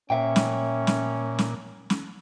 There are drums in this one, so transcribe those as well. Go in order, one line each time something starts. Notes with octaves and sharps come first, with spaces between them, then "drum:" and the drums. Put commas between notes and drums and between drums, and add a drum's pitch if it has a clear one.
A#2 C#4 E5 G5
drum: snare
drum: snare
drum: snare
drum: snare